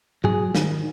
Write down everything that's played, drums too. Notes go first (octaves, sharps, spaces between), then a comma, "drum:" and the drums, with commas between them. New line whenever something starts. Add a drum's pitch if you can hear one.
F#3 G#4, drum: tom G#2
D#3, drum: snare